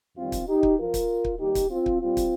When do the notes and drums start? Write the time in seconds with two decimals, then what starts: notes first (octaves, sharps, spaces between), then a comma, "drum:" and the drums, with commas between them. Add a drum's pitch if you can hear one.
0.16 F2 D#3 G3 C4 F4
0.32 drum: kick, hi-hat
0.48 D#4 G4
0.63 drum: kick
0.78 F2 F3 F4 A#4
0.94 drum: kick, hi-hat
1.24 drum: kick
1.40 D#2 D#3 G3 D#4 G4
1.55 drum: kick, hi-hat
1.70 C4 F4
1.86 drum: kick
2.01 A#2 G3 C4 F4
2.17 drum: kick, hi-hat